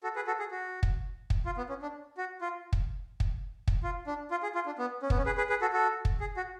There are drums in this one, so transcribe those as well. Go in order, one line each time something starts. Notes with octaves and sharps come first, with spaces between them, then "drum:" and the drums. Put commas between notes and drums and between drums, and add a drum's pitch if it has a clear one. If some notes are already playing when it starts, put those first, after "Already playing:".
F#4 A4
G#4 B4
F#4 A4
G#4
F#4
drum: kick
drum: kick
F4
B3
C#4
D4
F#4
F4
drum: kick
drum: kick
drum: kick
F4
D4
F4
G#4
F4
D4
B3
C#4
B3, drum: kick
C#4
G#4 B4
G#4 B4
G#4 B4
F#4 A4
F#4 A4
drum: kick
G#4
F#4